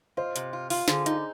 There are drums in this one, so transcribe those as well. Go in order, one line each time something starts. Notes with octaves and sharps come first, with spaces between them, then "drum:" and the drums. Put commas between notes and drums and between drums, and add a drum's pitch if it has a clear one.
F4 C5 D#5
C3, drum: hi-hat
F4
F4, drum: open hi-hat
D3 G#4 C5, drum: snare
D#4, drum: hi-hat